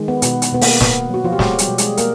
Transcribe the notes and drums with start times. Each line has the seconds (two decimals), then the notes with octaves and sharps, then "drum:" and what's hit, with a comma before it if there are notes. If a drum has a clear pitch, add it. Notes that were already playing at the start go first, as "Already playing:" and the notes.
Already playing: D#3 G#3
0.08 B3
0.22 B2 B3, drum: hi-hat
0.42 drum: hi-hat
0.52 B2 B3
0.61 A#3, drum: open hi-hat
0.81 B2 B3, drum: snare
1.10 F#3 F#4
1.24 F3 F4
1.32 G4
1.39 F#3 G#3 F#4, drum: snare
1.59 G3 G4, drum: hi-hat
1.68 B2
1.78 G#3 G#4, drum: hi-hat
1.97 G#3 A#3 A#4, drum: hi-hat